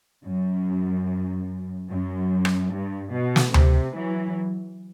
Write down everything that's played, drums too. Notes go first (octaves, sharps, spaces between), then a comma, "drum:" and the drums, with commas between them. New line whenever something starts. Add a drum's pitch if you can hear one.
F#2
F#2
drum: rim click
G2
B2
drum: snare
C3, drum: tom D2
E3 F#3